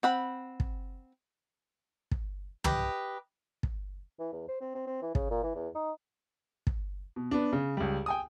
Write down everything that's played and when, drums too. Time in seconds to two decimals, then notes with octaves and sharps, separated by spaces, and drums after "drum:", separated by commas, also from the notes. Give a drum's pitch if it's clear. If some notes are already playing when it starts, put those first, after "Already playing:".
0.03 C4 F#5 B5
0.60 drum: kick
2.11 drum: kick
2.64 G4 B4 D#5, drum: tom
3.63 drum: kick
4.19 E3
4.33 E2
4.48 C5
4.61 C4
4.75 C4
4.87 C4
5.02 E3
5.15 C#3, drum: kick
5.31 A#2
5.43 E3
5.55 E2
5.75 D#4
6.67 drum: kick
7.16 B2
7.31 B3 D4
7.53 C#3
7.77 C#2 G3
8.06 G5 G#5 D#6